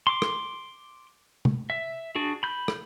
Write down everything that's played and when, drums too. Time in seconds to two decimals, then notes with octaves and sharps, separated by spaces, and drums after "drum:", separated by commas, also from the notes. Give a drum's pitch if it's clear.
0.07 C6 D6
0.22 drum: rim click
1.45 drum: tom C3
1.70 E5
2.15 D4 F#4 G#4
2.43 B5 G6
2.68 drum: rim click